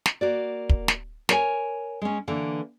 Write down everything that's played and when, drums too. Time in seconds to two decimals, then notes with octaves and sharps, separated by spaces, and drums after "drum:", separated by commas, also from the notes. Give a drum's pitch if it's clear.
0.06 drum: snare
0.21 A#3 F#4 D5
0.69 drum: kick
0.88 drum: snare
1.29 A#4 C#5 G#5, drum: snare
2.02 G#3 C#4
2.28 D3 E3 A#3